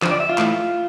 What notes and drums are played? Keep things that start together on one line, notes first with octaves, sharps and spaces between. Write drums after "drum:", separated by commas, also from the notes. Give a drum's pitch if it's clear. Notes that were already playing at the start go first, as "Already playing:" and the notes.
F2 D3 F3 C5, drum: clap
D5
E5
F4
A2 E3 A3 E4, drum: clap